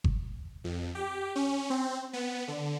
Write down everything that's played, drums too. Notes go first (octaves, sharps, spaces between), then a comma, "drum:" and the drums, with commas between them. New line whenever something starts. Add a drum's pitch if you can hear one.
drum: kick G1
F2
G4
C#4
C4
B3
D3